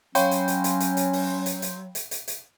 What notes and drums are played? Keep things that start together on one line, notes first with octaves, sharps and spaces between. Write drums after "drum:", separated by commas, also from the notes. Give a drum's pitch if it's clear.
F#3 C#4 C#5 F5 G5 B5 C6 G6, drum: hi-hat
drum: hi-hat
drum: hi-hat
drum: hi-hat
drum: hi-hat
drum: hi-hat
drum: open hi-hat
drum: hi-hat
drum: hi-hat
drum: hi-hat
drum: hi-hat
drum: hi-hat